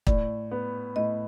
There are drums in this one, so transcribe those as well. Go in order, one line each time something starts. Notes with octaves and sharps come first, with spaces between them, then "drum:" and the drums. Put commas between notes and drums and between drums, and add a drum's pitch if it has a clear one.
A2 D5, drum: kick
B3
A2 D#5